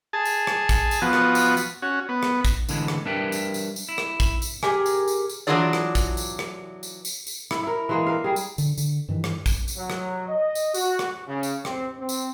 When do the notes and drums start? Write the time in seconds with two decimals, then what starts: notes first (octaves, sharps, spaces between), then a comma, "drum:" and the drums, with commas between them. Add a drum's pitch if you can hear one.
0.13 G#4 A5
0.25 drum: tambourine
0.47 drum: rim click
0.69 drum: kick, tambourine
0.91 drum: tambourine
1.02 F3 B3 F#4
1.13 drum: rim click
1.35 drum: tambourine
1.57 drum: tambourine
1.82 C#4 F#4
2.09 B3
2.23 drum: rim click
2.45 drum: kick, tambourine
2.69 A2 D3 E3 G#3, drum: tambourine
2.88 drum: rim click
3.05 G3 D4 A#4 B4 E5 G5
3.32 drum: tambourine
3.54 drum: tambourine
3.76 drum: tambourine
3.89 E4
3.98 drum: rim click
4.20 drum: kick, tambourine
4.42 drum: tambourine
4.63 G4 G#4 A#4 G#5, drum: rim click
4.86 drum: tambourine
5.08 drum: tambourine
5.29 drum: tambourine
5.47 E3 F#3 D4 F4 G#4 D5
5.73 drum: rim click
5.95 drum: kick, tambourine
6.17 drum: tambourine
6.39 drum: rim click
6.83 drum: tambourine
7.05 drum: tambourine
7.27 drum: tambourine
7.51 E4, drum: rim click
7.63 E4 A#4
7.89 E3 G#3 A#3
8.06 A#4 F5
8.24 G3 G#4
8.36 drum: tambourine
8.58 D3, drum: tambourine
8.77 D3, drum: tambourine
9.09 G2 D#3 E3
9.24 drum: rim click
9.46 drum: kick, tambourine
9.68 drum: tambourine
9.77 F#3
9.90 drum: rim click
10.28 D#5
10.55 drum: tambourine
10.74 F#4, drum: tambourine
10.99 drum: rim click
11.28 C#3
11.43 drum: tambourine
11.65 C4, drum: rim click
11.98 C4
12.09 drum: tambourine